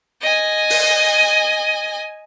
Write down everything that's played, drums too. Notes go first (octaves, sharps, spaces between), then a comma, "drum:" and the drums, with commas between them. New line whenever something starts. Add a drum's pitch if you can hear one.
D#5 G#5
drum: open hi-hat